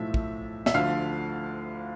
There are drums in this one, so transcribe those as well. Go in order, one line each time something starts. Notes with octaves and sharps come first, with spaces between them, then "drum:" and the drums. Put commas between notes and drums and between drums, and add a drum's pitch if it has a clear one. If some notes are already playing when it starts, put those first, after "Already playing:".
Already playing: B1 A2 F3 A3 E5
drum: kick
E5, drum: snare
D2 D3 F3 A3 F5